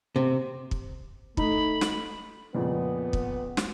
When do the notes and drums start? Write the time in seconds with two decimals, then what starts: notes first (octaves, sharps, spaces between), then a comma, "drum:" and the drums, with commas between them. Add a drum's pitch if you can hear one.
0.16 C3
0.71 drum: kick
1.37 A3 D#4 B5, drum: kick
1.81 drum: snare
2.55 F2 A#2 C#3 B3
3.13 drum: kick
3.57 drum: snare